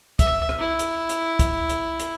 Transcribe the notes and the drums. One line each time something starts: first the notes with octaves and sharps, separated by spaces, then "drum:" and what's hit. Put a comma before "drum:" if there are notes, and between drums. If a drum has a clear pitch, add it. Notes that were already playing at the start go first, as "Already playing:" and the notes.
E5, drum: kick, hi-hat
drum: rim click
E4
drum: hi-hat
drum: hi-hat
drum: kick, hi-hat
drum: hi-hat
drum: hi-hat